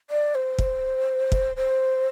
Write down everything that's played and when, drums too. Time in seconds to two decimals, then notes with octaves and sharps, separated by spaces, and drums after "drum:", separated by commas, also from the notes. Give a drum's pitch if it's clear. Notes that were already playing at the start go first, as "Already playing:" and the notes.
0.10 D5
0.35 C5
0.59 drum: kick
1.32 drum: kick
1.56 C5